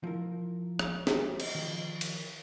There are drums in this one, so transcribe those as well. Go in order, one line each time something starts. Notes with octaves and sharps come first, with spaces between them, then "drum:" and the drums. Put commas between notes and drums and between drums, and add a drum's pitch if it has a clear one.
F3 E4 A#4
drum: rim click
F#4 G4, drum: snare
drum: cymbal
D#3 F3
drum: cymbal